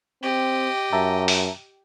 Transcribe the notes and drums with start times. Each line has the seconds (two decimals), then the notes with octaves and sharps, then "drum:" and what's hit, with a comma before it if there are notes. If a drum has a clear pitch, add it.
0.23 C4 G4 D#5
0.93 F#2 E5 A5 A#5
1.28 drum: open hi-hat